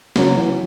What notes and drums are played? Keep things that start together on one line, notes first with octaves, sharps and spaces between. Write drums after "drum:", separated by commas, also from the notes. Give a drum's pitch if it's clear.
C#3 F#3, drum: snare
E3